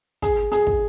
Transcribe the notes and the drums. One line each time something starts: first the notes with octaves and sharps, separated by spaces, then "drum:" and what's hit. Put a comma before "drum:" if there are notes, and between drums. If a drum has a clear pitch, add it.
G#4, drum: kick, hi-hat
G#4, drum: hi-hat
drum: kick